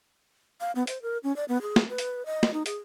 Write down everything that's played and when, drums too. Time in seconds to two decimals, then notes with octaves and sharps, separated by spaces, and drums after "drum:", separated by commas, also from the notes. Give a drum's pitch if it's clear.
0.61 F5
0.75 B3
0.87 C5, drum: hi-hat
1.02 A#4
1.23 C#4
1.36 D5
1.48 B3
1.62 G#4
1.76 drum: snare
1.89 B4
1.98 drum: hi-hat
2.26 D#5
2.43 drum: snare
2.53 D#4
2.66 G#4, drum: hi-hat